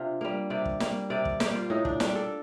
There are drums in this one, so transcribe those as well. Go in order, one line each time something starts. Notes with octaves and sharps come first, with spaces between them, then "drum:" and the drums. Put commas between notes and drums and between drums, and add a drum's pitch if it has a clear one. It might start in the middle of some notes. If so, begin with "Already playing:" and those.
Already playing: C3 D4 F4
G3 A#3
C3 D5
drum: kick
G3 A#3, drum: snare
C3 D5
drum: kick
G3 A#3 G4, drum: snare
F4
A2 D#4
D4, drum: kick
G3 A#3 D4, drum: snare
A4